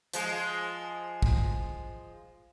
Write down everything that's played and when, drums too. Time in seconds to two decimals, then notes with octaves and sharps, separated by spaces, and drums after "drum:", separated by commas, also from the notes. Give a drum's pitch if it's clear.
0.13 F3 G#3, drum: hi-hat
1.22 drum: kick